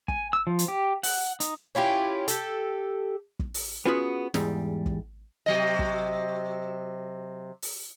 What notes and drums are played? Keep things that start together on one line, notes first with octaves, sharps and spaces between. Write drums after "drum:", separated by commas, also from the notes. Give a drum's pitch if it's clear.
G#5, drum: kick
E6
F3
drum: hi-hat
G4
F#5, drum: open hi-hat
D#4, drum: hi-hat
C#4 E4 F4 G4
G4 A4, drum: hi-hat
drum: kick
drum: open hi-hat
B3 C#4 F4 F#4 G#4 B4
E2 G#2 G3, drum: snare
drum: kick
C3 F#3 D#5
drum: kick
drum: open hi-hat